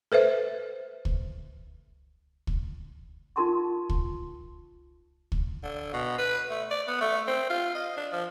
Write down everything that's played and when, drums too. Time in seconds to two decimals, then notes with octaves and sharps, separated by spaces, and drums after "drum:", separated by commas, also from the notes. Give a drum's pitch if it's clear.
0.12 A4 B4 C5 E5
1.05 drum: kick
2.47 drum: kick
3.36 D#4 F4 A#4 A5 C6 C#6
3.89 drum: kick
5.32 drum: kick
5.63 D3
5.93 B2
6.18 B4
6.50 A3
6.71 D5
6.87 B3
7.01 A3
7.27 C4
7.49 F4
7.75 D#5
7.97 D4
8.12 F3